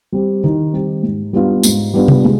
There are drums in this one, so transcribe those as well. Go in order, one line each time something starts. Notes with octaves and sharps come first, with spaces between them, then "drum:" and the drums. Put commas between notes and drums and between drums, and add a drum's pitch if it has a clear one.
G3 C4 G4
D#3
G3 C4 G4
G#2
G3 B3 D4 F4
G#2, drum: tambourine
G3 B3 D4 F4
drum: tom C3
G#3